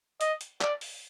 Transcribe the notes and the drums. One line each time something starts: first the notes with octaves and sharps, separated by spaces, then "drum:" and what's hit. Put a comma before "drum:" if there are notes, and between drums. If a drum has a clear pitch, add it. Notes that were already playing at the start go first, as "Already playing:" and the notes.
D#5, drum: hi-hat
drum: hi-hat
D5, drum: clap
drum: open hi-hat